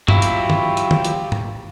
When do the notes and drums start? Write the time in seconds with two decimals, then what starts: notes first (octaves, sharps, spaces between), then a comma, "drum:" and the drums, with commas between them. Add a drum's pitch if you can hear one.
0.08 F#3 E4 F4 G4, drum: tom G2
0.22 drum: hi-hat
0.50 drum: tom
0.77 drum: hi-hat
0.91 drum: tom
1.05 drum: hi-hat
1.32 drum: tom G#2